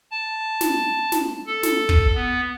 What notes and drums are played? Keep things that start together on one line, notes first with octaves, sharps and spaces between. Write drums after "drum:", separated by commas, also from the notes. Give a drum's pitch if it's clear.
A5
drum: snare
drum: snare
A4
drum: snare
drum: kick
B3